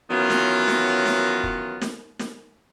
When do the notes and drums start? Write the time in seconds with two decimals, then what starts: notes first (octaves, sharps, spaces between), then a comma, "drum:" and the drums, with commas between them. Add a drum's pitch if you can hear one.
0.11 D#3 E3 F#3 B3 C#4 F4
0.30 drum: snare
0.68 drum: snare
1.06 drum: snare
1.44 drum: kick
1.81 drum: snare
2.19 drum: snare